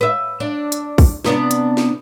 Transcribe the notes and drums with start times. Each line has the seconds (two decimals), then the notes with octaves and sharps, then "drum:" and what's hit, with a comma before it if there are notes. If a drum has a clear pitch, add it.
0.01 B4 E5
0.40 D4
0.72 drum: hi-hat
0.98 drum: kick A#1, open hi-hat
1.25 C3 B3 D4, drum: snare
1.51 drum: hi-hat
1.77 drum: snare